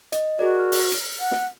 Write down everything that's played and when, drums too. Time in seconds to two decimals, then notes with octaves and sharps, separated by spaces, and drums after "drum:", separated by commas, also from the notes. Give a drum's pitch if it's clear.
0.12 D#5, drum: hi-hat
0.39 F#4 G#4 A#4 D5
0.59 F6
0.72 drum: open hi-hat
0.92 drum: hi-hat
1.20 F#5
1.31 drum: snare